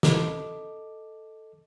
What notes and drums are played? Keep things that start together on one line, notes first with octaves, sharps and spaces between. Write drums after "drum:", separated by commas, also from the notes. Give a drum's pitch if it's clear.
A4 D#5 D6, drum: snare